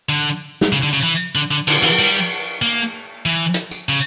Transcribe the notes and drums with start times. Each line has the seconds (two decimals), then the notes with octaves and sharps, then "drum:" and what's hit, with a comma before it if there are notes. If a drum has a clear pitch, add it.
0.09 D3
0.61 drum: snare
0.72 C#3
0.83 D3
0.93 C#3
1.03 E3
1.35 D3
1.51 D3
1.68 D3, drum: cymbal
1.83 E3, drum: cymbal
1.99 G3
2.62 A#3
3.26 E3
3.54 drum: hi-hat
3.71 drum: tambourine
3.89 C#3